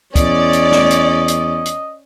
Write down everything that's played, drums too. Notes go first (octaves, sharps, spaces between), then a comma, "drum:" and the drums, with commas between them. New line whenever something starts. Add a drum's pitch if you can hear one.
E2 C#4 D5 D#5, drum: kick, hi-hat
drum: hi-hat
drum: snare
drum: hi-hat
drum: hi-hat
drum: hi-hat